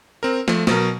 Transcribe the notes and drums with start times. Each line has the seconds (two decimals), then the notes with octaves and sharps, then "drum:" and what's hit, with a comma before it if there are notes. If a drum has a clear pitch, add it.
0.23 C4 A#4
0.48 F3 A3, drum: snare
0.67 B2 F#3 A#4, drum: snare